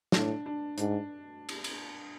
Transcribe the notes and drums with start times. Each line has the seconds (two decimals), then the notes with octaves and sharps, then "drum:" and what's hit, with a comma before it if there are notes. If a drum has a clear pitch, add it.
0.12 A2 D4, drum: snare
0.46 D4
0.78 G#2 D4, drum: hi-hat
1.49 drum: cymbal
1.64 drum: cymbal